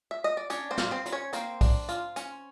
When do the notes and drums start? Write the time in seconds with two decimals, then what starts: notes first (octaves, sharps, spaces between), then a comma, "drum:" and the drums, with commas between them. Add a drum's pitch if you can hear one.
0.11 E5
0.24 D#5
0.37 D5
0.50 C#4 D4 C#5, drum: hi-hat
0.71 C4 C5
0.78 F4, drum: snare
0.91 C4 C5
1.06 F#3, drum: hi-hat
1.12 C#4 C#5
1.33 A#3 C4 C5, drum: hi-hat
1.61 D4, drum: kick B1, open hi-hat
1.89 F4, drum: hi-hat
2.16 C#4, drum: hi-hat